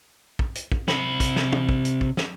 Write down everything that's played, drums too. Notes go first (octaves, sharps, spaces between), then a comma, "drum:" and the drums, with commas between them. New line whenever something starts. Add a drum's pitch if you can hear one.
drum: kick
drum: hi-hat
drum: kick
C3 B5, drum: snare
drum: kick, hi-hat
drum: snare
drum: tom
drum: kick
drum: hi-hat
drum: kick
drum: snare